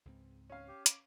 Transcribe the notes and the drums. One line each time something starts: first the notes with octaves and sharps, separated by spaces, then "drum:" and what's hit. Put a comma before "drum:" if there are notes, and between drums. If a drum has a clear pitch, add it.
C#2 G#2 C4
C#4 F5
G4
D6, drum: hi-hat